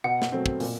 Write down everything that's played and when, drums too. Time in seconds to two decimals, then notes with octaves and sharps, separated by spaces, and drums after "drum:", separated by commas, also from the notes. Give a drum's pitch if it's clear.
0.04 B2 F#5
0.22 drum: snare
0.32 F#3 A3 C4
0.46 drum: kick
0.60 A#2, drum: open hi-hat